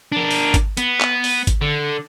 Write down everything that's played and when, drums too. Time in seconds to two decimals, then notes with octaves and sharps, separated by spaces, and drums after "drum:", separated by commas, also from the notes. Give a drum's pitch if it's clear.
0.12 D4 A#4
0.31 drum: open hi-hat
0.54 drum: kick G#1, hi-hat
0.77 B3, drum: hi-hat
1.01 drum: clap
1.24 drum: open hi-hat
1.47 drum: kick G#1, hi-hat
1.62 D3